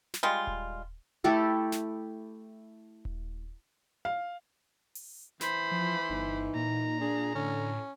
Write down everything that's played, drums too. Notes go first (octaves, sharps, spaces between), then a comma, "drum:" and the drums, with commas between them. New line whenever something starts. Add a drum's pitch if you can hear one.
drum: snare
G3 G#3 F4
drum: kick D#1
A3 E4 G4 A4
drum: snare
drum: kick D#1
F5
drum: open hi-hat
E3 C5 B5, drum: snare
F3
G1 D#4
A#2 A#5
D4 G#4
A2 D3 C#4